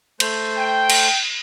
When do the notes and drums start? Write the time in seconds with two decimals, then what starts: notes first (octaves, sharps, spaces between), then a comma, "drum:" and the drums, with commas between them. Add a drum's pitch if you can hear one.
0.20 A3 C5, drum: cymbal
0.57 G5
0.90 drum: cymbal